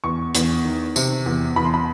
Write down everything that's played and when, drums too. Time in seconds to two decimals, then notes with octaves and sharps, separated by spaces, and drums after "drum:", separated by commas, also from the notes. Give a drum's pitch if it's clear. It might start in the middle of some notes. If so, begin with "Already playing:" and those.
0.04 E2 C#6
0.35 E2, drum: hi-hat
0.65 D#3
0.96 C3, drum: tambourine
1.26 E2
1.56 E2 B5
1.65 C6
1.74 B5